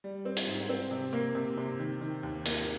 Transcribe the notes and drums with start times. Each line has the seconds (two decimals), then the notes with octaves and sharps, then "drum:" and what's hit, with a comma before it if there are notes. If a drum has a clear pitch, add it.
0.04 G3
0.25 C4
0.37 drum: hi-hat
0.47 G#2
0.69 C4
0.91 C3
1.13 A#3
1.35 C3
1.58 C3
1.79 D#3
2.01 D#3
2.23 D#2
2.45 A#3, drum: hi-hat